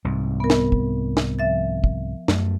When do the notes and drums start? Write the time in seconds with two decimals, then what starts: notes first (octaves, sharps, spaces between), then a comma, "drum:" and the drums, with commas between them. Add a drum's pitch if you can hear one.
0.05 C2 G#2
0.40 B3 A#4
0.50 drum: snare
0.72 drum: kick
1.17 drum: snare
1.39 F3 E5 A6
1.84 drum: kick
2.28 F#2 A3, drum: snare